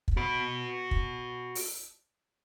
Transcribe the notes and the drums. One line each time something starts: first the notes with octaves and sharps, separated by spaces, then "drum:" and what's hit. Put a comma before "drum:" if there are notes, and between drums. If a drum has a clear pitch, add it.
drum: kick
F#4 B5
drum: kick
drum: open hi-hat